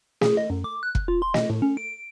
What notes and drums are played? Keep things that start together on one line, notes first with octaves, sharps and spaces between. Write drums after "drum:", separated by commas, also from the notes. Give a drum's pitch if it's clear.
G#4, drum: snare
D#5
F#2
D6
F#6
drum: kick
F4
C6
D#5, drum: snare
A2
C#4
D7